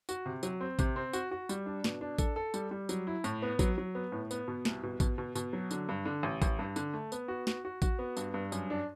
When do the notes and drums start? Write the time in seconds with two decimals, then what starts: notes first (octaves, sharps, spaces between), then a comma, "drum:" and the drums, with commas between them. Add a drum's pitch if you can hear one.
0.09 F#4, drum: tambourine
0.26 C3
0.43 F#3, drum: tambourine
0.61 C4
0.79 C3, drum: kick A1, tambourine
0.96 C4
1.13 F#4, drum: tambourine
1.31 F#4
1.49 G3, drum: tambourine
1.66 D4
1.84 B2, drum: snare
2.01 D4
2.19 A4, drum: kick A1, tambourine
2.36 A4
2.54 G3, drum: tambourine
2.71 G3
2.89 F#3, drum: tambourine
3.07 E4
3.24 A2, drum: tambourine
3.42 B3
3.59 F#3, drum: kick A1, tambourine
3.78 F#3
3.95 B3
4.12 A2
4.31 B3, drum: tambourine
4.48 B2
4.65 C2, drum: snare
4.83 B2
5.00 B2, drum: kick A1, tambourine
5.18 B2
5.35 B2, drum: tambourine
5.53 F#3
5.71 D3, drum: tambourine
5.89 G2
6.05 D3
6.23 A1
6.42 A1, drum: kick A1, tambourine
6.59 G2
6.76 D3, drum: tambourine
6.94 A3
7.12 B3, drum: tambourine
7.28 F#4
7.47 F#4, drum: snare
7.65 F#4
7.82 F#4, drum: kick A1, tambourine
7.99 B3
8.17 G2, drum: tambourine
8.34 G2
8.52 F#2, drum: tambourine
8.70 D4